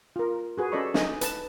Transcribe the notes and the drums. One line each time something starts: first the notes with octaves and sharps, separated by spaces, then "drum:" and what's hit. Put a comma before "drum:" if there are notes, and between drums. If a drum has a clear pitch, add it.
F4 A#4
F#4 G#4 B4
C#4 A4 D5 D#5 B5 C#6
D#4 D#5 G#5, drum: snare
B4 A5, drum: hi-hat